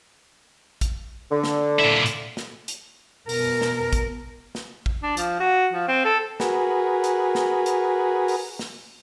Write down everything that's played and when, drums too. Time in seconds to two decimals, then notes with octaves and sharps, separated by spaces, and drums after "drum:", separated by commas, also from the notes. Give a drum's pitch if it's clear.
0.81 drum: kick, hi-hat
1.31 D3
1.44 drum: snare
1.79 A#2 E4
2.06 drum: hi-hat
2.37 drum: snare
2.68 drum: hi-hat
3.29 B2 A#4, drum: open hi-hat
3.61 drum: snare
3.93 drum: kick, hi-hat
4.55 drum: snare
4.86 drum: kick
5.03 D4
5.17 F3, drum: hi-hat
5.40 F#4
5.73 F3
5.88 C4
6.05 A4
6.40 F#4 G#4 A#4 B4, drum: snare
7.04 drum: hi-hat
7.35 drum: snare
7.66 drum: hi-hat
8.28 drum: open hi-hat
8.59 drum: snare